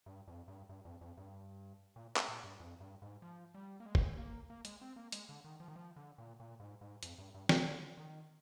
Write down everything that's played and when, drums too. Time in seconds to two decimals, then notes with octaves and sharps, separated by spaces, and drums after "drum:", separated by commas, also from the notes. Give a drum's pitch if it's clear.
0.06 G2
0.28 F2
0.48 G2
0.69 G2
0.85 F2
1.01 F2
1.17 G2
1.96 A#2
2.16 drum: clap
2.28 A#2
2.44 G2
2.60 F2
2.81 G2
3.02 G#2
3.22 F3
3.54 G3
3.80 A#3
3.86 G#3
3.95 drum: kick
4.18 A#3
4.50 A#3
4.65 G#3, drum: hi-hat
4.81 C4
4.96 A#3
5.12 G#3, drum: hi-hat
5.29 D3
5.44 D#3
5.60 F3
5.68 D#3
5.76 F3
5.96 D3
6.18 A#2
6.40 A#2
6.60 G#2
6.81 G#2
7.03 F2, drum: hi-hat
7.18 G2
7.34 G2
7.49 C3, drum: snare
7.66 D3
7.97 D#3